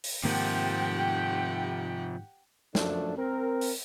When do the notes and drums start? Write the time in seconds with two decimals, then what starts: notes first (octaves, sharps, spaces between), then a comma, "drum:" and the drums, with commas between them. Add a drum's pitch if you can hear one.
0.04 drum: open hi-hat
0.24 G#2 C3 D#3 F3 A#3 G4 F#5 G5
2.75 F#2 F3 A3 D4, drum: snare
3.17 C4 A#4
3.61 drum: open hi-hat